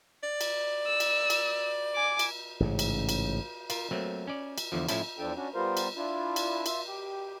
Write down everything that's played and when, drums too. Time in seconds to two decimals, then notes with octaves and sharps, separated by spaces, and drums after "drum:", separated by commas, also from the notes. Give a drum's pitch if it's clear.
0.23 D5
0.41 drum: cymbal
0.87 E6
1.00 drum: cymbal
1.30 drum: cymbal
1.95 G#5 D6
2.19 drum: cymbal
2.60 A1 G#2 C#3
2.79 drum: cymbal
3.09 drum: cymbal
3.70 F4 A#4, drum: cymbal
3.91 F#3 A3 A#3 C4
4.27 C#4 D5
4.58 drum: cymbal
4.72 E2 D3 F3
4.89 A2 F3 C#4 E4 C5 A5, drum: cymbal
5.17 E2 F3 D4 A4 G5
5.36 C#4 D4 F#4
5.54 G3 B3 F4 A#4 C5
5.77 drum: cymbal
5.97 D4 E4 F4
6.36 drum: cymbal
6.66 F4 E5, drum: cymbal
6.88 G4